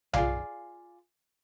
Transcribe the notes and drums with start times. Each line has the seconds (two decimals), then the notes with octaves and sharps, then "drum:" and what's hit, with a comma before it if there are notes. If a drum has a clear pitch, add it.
0.13 F4 G#4 D5 F5, drum: tom B1